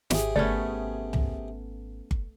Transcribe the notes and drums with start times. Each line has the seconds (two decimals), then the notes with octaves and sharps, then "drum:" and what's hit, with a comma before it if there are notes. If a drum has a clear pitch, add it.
0.10 G#1 C3 G#4, drum: snare
0.36 G1 A3 B3 C#4 D5
1.13 drum: tom
2.11 drum: kick G1